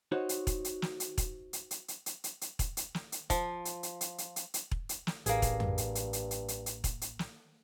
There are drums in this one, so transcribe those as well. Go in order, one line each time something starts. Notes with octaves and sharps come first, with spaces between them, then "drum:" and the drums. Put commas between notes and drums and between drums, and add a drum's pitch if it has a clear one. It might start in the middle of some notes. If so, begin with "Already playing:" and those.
D#4 F#4 C5 C#5
drum: hi-hat
drum: kick E1, hi-hat
drum: hi-hat
drum: snare
drum: hi-hat
drum: kick E1, hi-hat
drum: hi-hat
drum: hi-hat
drum: hi-hat
drum: hi-hat
drum: hi-hat
drum: hi-hat
drum: kick E1, hi-hat
drum: hi-hat
drum: snare
drum: hi-hat
F3, drum: kick E1, hi-hat
drum: hi-hat
drum: hi-hat
drum: hi-hat
drum: hi-hat
drum: hi-hat
drum: hi-hat
drum: kick E1
drum: hi-hat
drum: snare
A1 G2 A#3 G#4, drum: hi-hat
drum: kick E1, hi-hat
drum: tom F2
drum: hi-hat
drum: hi-hat
drum: hi-hat
drum: hi-hat
drum: hi-hat
drum: hi-hat
drum: kick E1, hi-hat
drum: hi-hat
drum: snare